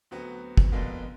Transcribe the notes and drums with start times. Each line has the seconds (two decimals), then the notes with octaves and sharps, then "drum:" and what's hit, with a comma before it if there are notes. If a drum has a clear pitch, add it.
0.11 D2 F#3 B3 C4
0.57 drum: kick
0.72 F2 B2 D3 G#3 A#3 B3